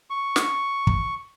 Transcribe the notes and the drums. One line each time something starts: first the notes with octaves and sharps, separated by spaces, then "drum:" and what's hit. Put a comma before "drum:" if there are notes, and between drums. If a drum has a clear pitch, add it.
C#6
drum: snare
drum: kick